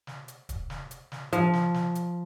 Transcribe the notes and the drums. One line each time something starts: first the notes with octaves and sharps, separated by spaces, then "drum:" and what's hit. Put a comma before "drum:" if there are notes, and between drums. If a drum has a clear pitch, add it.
drum: snare
drum: hi-hat
drum: kick, hi-hat
drum: snare
drum: hi-hat
drum: snare
F3, drum: hi-hat
drum: snare
drum: snare
drum: hi-hat